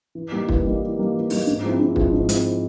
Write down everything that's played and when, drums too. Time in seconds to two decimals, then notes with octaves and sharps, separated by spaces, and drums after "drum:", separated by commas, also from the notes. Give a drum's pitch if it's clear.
0.15 E3
0.32 G3 A#3 D#4
0.49 E3, drum: kick
0.65 G3 A#3 D#4
0.81 E3
0.98 G3 A#3 D#4
1.14 E3
1.30 G3 A#3 D#4, drum: open hi-hat
1.47 G#2
1.63 F3 G#3 C4 E4
1.79 G#2
1.96 F3 G#3 C4 E4, drum: kick
2.12 G#2
2.29 F3 G#3 C4 E4, drum: hi-hat